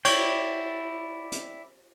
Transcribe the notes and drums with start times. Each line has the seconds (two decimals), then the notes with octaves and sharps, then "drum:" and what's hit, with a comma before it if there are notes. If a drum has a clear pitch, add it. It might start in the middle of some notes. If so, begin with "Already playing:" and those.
0.05 E4 C#5 D5 G5, drum: cymbal
1.32 drum: hi-hat